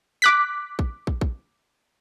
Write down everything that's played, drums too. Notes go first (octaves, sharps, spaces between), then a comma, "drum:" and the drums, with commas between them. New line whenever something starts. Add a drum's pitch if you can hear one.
D6 F#6 B6
drum: kick
drum: kick
drum: kick